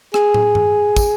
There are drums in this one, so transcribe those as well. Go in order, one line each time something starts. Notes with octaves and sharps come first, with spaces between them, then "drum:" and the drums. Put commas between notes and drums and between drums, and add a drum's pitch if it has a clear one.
G#4, drum: rim click
drum: tom
drum: tom G2
drum: kick, tambourine